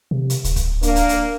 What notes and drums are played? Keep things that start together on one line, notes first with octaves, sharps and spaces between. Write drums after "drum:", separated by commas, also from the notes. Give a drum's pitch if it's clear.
C3
drum: hi-hat
D1, drum: hi-hat
drum: kick, hi-hat
A#3 D4, drum: hi-hat
drum: hi-hat
drum: hi-hat